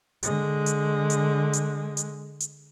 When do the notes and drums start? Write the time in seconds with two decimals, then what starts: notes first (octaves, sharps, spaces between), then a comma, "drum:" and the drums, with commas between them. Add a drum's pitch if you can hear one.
0.23 D3 G#3, drum: hi-hat
0.66 drum: hi-hat
1.10 drum: hi-hat
1.53 drum: hi-hat
1.97 drum: hi-hat
2.40 drum: hi-hat